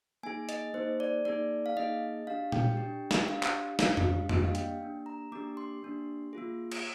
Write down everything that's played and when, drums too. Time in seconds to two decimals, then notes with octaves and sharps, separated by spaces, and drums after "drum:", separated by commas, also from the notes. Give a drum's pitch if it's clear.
0.23 A#3 D#4 G#4 G#5
0.49 D#5, drum: hi-hat
0.74 A#3 D#4 G#4 C5
1.00 D5
1.25 A#3 D#4 G#4 D5
1.66 F5
1.76 A#3 D#4 G#4 D#5
2.27 D4 G4 F5
2.52 G5, drum: tom A#2
2.77 D4 G4
3.11 drum: snare
3.28 D4 G4 F5
3.43 drum: clap
3.79 D4 G4 F5, drum: snare
3.97 drum: tom F2
4.29 A#3 D4 G4 D#5, drum: tom F2
4.44 F5
4.55 G5, drum: hi-hat
4.81 A#3 D4 G4
5.06 A#5
5.32 A#3 D4 G4 D6
5.57 C6
5.82 A#3 D4 G4
6.33 A#3 F4 G#4
6.72 drum: cymbal